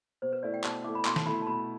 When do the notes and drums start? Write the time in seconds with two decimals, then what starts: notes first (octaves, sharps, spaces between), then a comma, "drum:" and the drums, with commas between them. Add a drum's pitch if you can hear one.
0.22 B2 C5
0.33 B4
0.43 A3 E4 D5
0.54 G5
0.64 B2 A5, drum: clap
0.84 A3 E4 D6
0.95 B5
1.05 B2 C6, drum: clap
1.16 A5, drum: snare
1.26 A3 E4 B5
1.42 A5
1.46 B2 B5